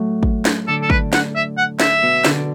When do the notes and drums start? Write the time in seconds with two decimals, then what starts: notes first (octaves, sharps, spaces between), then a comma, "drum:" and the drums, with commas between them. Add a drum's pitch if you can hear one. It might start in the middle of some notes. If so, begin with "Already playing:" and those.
Already playing: A2 F#3 A3
0.23 drum: kick
0.45 drum: snare
0.68 D3 D4 A4
0.82 A4
0.90 B4, drum: kick
1.13 F#5, drum: snare
1.35 E5
1.57 F#5
1.80 E5, drum: snare
2.02 B2 B3
2.25 D3 D4, drum: snare